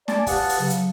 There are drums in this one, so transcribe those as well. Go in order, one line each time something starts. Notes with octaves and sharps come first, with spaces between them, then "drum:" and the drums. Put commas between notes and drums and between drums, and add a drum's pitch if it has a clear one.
D5 G#5 A5, drum: snare
G4 B4 F5 F#5 A5 D#6, drum: kick, open hi-hat
drum: open hi-hat
C#3 F#3
drum: hi-hat